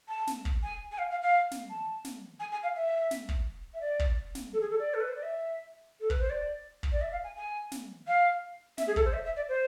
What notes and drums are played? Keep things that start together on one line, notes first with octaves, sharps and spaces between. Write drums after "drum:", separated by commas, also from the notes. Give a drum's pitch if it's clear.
A5
drum: snare
drum: kick
G#5
G#5
F5
F5
F5
drum: snare
A5
drum: snare
G#5
G#5
F5
E5
drum: snare
drum: kick
E5
D5
drum: kick
drum: snare
A4
G#4
A4
D5
A4
B4
C5
D5
E5
A4
B4, drum: kick
C5
D5
drum: kick
D5
E5
F5
G#5
G#5
drum: snare
F5
E5, drum: snare
G#4
A4, drum: kick
C5
E5
E5
D5
C5